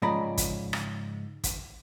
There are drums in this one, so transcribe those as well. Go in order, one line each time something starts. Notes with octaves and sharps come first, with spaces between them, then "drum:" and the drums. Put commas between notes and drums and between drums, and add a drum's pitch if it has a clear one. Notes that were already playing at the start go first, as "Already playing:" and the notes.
G#2 C#3 F3 D5 A#5 B5
drum: kick, hi-hat
drum: rim click
drum: kick, hi-hat